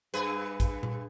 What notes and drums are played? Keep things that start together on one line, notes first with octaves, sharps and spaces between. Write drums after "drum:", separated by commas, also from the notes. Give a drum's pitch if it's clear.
G2 G#4 B4, drum: hi-hat
drum: kick, hi-hat
drum: tom A#2